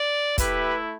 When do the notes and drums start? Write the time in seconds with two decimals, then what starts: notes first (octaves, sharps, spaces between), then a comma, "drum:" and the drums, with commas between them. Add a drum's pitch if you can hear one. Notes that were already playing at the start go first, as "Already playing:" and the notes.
Already playing: D5
0.38 A3 E4 G4 B4, drum: kick, hi-hat